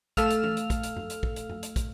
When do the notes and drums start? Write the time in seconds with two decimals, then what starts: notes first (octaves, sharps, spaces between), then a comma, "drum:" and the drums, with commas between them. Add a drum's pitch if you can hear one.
0.17 A3 A4 F5 E6 F6 F7, drum: kick, hi-hat
0.30 drum: hi-hat
0.44 drum: tom
0.57 drum: hi-hat
0.70 drum: kick, hi-hat
0.83 drum: hi-hat
0.97 drum: tom F#2
1.10 drum: hi-hat
1.23 drum: kick
1.36 drum: hi-hat
1.49 drum: tom F#2
1.63 drum: hi-hat
1.76 drum: kick, hi-hat